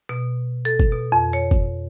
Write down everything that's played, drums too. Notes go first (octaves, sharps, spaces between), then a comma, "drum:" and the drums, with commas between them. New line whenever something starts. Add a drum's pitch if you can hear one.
B2
A4
drum: kick, tambourine
B2
F2
C#5
drum: kick, tambourine